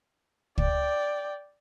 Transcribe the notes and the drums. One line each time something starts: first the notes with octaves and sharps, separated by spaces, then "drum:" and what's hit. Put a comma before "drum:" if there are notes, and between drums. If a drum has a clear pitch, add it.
D5 G5, drum: kick